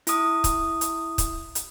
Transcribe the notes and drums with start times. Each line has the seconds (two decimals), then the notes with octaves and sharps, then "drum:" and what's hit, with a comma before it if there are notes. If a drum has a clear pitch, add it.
0.07 E4 D#6, drum: hi-hat
0.44 drum: kick, hi-hat
0.81 drum: hi-hat
1.18 drum: kick, hi-hat
1.55 drum: hi-hat